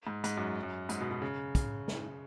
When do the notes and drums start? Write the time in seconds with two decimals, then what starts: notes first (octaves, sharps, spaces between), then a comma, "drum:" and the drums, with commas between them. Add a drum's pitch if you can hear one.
0.07 G#2
0.24 G#2, drum: hi-hat
0.37 F#2
0.63 F#2
0.89 G#2, drum: hi-hat
1.00 B2
1.11 B2
1.22 C#3
1.55 drum: kick, hi-hat
1.88 drum: snare